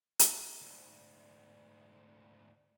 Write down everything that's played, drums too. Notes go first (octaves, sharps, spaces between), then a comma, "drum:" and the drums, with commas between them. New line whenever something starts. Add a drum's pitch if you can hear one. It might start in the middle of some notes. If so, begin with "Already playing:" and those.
drum: hi-hat
D2 G#2